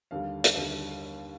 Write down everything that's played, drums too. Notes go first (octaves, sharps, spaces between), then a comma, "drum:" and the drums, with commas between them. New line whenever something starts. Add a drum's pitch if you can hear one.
D#2 D3 G3 F5
drum: hi-hat
D#2 D3 G3